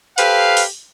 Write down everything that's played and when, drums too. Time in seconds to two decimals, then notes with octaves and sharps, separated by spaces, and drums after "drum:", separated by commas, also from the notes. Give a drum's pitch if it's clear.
0.18 G4 A4 B4 C5 F5, drum: hi-hat
0.57 drum: open hi-hat